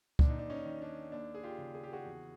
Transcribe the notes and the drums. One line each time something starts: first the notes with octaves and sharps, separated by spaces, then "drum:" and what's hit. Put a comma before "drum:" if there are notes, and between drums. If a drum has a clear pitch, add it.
D#2 D4, drum: kick
D#4
D4
C#4 D#4
D#3
D4
D#2 D4
G#4
F4 G4
C#3
G#4
G4
F#4 G#4
E2